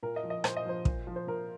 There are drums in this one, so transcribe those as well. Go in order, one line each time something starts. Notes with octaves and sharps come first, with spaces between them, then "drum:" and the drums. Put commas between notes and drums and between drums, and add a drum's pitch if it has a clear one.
A#2 A#4
D#5
F3
D#5
A#2 C5, drum: rim click
D#5
F3 C5
A#2, drum: kick
F3
C5
A#2 A#4